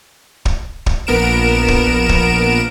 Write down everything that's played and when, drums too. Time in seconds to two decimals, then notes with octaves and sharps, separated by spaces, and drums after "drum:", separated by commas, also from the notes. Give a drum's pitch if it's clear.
0.45 drum: kick
0.86 drum: kick
1.07 A#1 B3 A#4 D7 E7
1.68 drum: kick
2.09 drum: kick